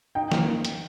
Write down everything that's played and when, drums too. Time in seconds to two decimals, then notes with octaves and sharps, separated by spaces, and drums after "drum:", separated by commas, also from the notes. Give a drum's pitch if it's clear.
0.15 D#4 G5
0.32 A#3, drum: snare
0.65 drum: hi-hat